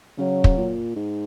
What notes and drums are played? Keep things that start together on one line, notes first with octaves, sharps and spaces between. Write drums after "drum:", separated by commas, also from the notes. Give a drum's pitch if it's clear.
C#3 F#3
drum: kick
A#2
G#2